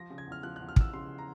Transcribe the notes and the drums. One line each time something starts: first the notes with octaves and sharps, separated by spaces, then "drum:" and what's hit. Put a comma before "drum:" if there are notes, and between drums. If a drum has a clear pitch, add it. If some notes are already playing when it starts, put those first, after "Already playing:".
Already playing: F3 A#6
C#3
G#6
E2 F6
F3 F#6
F#6
E2
F6
E2 E6, drum: kick
C#3 C6
A#5